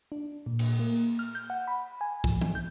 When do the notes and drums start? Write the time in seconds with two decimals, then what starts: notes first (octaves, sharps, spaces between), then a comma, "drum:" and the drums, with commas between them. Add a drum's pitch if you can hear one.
0.12 D4
0.46 A#2
0.59 drum: cymbal
0.79 A#3
1.19 F6
1.35 G6
1.50 F#5
1.68 B5
2.01 G#5
2.24 F3, drum: kick
2.41 drum: tom
2.55 G6